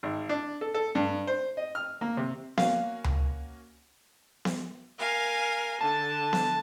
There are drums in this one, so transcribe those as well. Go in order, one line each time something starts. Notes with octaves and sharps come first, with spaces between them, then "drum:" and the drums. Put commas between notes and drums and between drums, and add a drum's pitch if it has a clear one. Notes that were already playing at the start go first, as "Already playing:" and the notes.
G#1
D4
A4
A4
G2
C5
D#5
F6
A#3
C3
A#3 C#4 F#4 F5, drum: snare B3
drum: tom C#2
drum: snare B3
A#4 F5 G#5
D3 A5
drum: snare B3